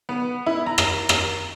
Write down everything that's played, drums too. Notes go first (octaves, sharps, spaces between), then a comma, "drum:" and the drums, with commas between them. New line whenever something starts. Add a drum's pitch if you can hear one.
B3
E4
A#5
drum: rim click
drum: rim click